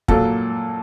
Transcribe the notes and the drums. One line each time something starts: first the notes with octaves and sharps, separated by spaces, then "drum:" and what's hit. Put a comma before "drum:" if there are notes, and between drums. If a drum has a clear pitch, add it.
A#2 F#3 A#3 A4, drum: kick